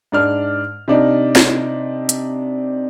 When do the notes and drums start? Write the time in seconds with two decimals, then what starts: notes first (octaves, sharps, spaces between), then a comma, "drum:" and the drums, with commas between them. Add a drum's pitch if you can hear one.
0.12 G#2 D4 F6
0.88 C3 D4 D#4
1.36 drum: snare
2.09 drum: hi-hat